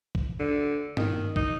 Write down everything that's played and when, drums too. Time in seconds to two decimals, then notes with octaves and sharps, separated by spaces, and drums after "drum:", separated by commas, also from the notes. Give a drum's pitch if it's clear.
0.15 drum: kick
0.39 D3
0.97 D#3, drum: tom G2
1.36 D#4, drum: kick